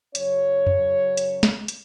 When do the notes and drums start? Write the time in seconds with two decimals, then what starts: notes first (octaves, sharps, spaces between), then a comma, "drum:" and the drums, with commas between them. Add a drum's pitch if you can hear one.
0.15 F#2 C#3 F#3 C#4 C#5, drum: hi-hat
0.66 drum: tom F2
1.17 drum: hi-hat
1.43 drum: snare
1.68 drum: hi-hat